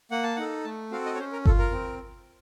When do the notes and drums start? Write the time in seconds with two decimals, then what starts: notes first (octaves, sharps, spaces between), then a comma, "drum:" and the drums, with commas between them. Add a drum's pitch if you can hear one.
0.11 A#3 F#5
0.23 A5
0.36 D#4 A4 F#5
0.64 A3 A5
0.91 C4 F#4 A4 F5
1.05 D#5
1.15 C#5
1.19 C#4 C5
1.32 A#4
1.46 F4 A4, drum: kick G1
1.59 A#4
1.72 C4